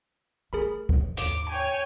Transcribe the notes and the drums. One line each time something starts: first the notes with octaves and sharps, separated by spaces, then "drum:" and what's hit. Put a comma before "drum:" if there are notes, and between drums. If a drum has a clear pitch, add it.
A3 G#4 A#4 B5
drum: kick C#2
D#2 G#2 D6, drum: hi-hat
C#5 G5 G#5